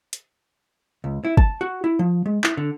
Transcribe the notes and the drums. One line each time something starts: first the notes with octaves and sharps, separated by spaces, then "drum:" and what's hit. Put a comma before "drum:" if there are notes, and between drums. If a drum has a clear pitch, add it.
drum: hi-hat
C#2
E4
A5, drum: kick
F#4
E4
F3
G#3
E4, drum: clap
D3